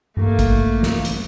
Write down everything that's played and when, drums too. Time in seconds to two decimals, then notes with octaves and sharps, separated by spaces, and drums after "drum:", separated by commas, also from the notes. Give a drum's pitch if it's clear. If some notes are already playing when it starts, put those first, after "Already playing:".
0.17 A3 A#3, drum: tom G2
0.39 drum: kick G#1, hi-hat
0.83 drum: snare
1.05 drum: hi-hat